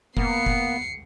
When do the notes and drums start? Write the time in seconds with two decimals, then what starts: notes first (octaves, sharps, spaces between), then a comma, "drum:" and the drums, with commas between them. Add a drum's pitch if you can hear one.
0.17 A#3 B3 C7 C#7, drum: kick F1
0.46 drum: kick F1